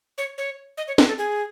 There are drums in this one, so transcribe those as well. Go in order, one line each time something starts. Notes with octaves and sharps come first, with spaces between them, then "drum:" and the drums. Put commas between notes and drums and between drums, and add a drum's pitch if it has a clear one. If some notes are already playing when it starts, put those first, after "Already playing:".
C#5
C#5
D#5
C#5
B4, drum: snare
A4
G#4